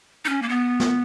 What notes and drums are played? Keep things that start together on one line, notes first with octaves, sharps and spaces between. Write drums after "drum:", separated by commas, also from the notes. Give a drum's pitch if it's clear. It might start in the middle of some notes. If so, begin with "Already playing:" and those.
D#4, drum: hi-hat
C#4
A#3
B3
drum: snare